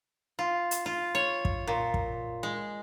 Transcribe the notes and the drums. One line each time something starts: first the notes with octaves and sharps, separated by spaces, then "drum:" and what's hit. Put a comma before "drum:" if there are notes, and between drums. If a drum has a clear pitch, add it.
F4
drum: hi-hat
F4
C#5
drum: kick
A#2
drum: kick
G#3